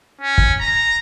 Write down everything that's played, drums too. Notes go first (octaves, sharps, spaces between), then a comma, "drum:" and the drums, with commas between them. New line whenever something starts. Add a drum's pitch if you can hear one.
C#4
drum: kick
A#5